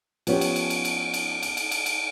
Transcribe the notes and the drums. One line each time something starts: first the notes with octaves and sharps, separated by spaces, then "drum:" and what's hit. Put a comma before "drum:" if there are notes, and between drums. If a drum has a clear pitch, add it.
F3 B3 C#4 G4, drum: cymbal
drum: cymbal
drum: cymbal
drum: cymbal
drum: cymbal
drum: cymbal
drum: cymbal
drum: cymbal
drum: cymbal
drum: cymbal